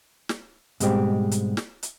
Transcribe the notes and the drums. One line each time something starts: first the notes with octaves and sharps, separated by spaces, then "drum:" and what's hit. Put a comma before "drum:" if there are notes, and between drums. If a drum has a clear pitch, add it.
drum: snare
G#2 B2 G3 G#3 C4 G4, drum: hi-hat
drum: hi-hat
drum: snare
drum: hi-hat